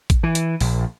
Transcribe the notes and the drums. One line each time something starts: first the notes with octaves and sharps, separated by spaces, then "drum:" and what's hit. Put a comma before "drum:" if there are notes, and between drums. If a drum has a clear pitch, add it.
drum: kick, hi-hat
E3
drum: hi-hat
A#1, drum: open hi-hat